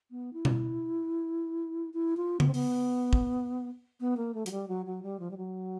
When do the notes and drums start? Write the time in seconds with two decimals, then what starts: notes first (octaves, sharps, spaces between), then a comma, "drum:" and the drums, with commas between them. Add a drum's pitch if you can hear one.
0.11 B3
0.33 E4
0.45 drum: tom B2
1.94 E4
2.17 F4
2.40 B3, drum: tom C#3
2.47 C4
2.54 B3, drum: open hi-hat
3.13 drum: kick
4.00 B3
4.17 A#3
4.34 A3
4.46 F#3, drum: hi-hat
4.51 G3
4.68 F#3
4.86 F#3
5.03 G3
5.20 F3
5.31 G3
5.37 F#3